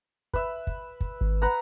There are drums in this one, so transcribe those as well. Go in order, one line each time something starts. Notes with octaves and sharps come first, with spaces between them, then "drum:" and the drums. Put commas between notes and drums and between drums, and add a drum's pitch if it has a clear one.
B4 E5, drum: kick
drum: kick
drum: kick
G#1
B4 F#5 A#5